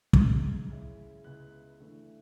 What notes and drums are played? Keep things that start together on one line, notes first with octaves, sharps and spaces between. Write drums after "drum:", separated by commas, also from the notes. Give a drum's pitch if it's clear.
C#2 C#3 G#3 G#6, drum: kick
C#3 G#3 C#4 E4
C#2 C#3 G#3 B3 E4 F#6
E2 D3 A3 E4